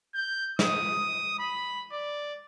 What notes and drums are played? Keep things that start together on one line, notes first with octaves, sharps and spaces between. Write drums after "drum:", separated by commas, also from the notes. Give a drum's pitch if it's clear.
G6
D#6, drum: snare
B5
D5